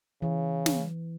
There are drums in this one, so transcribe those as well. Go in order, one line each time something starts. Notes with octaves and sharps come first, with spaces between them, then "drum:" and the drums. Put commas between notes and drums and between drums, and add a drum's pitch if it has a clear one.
C#3 E3
drum: snare